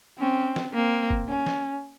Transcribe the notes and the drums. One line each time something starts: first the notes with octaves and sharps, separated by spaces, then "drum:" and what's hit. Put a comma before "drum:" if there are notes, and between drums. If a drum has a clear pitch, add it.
C4 C#4
drum: snare
A#3 C4
drum: kick
C#4
drum: snare